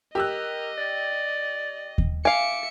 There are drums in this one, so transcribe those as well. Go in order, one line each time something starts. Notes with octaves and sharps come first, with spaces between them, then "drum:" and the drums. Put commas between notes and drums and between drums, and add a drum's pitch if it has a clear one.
G4 A#4 D#5 E6 F#6
D5
drum: kick D#2
E5 F5 G#5 D6 C#7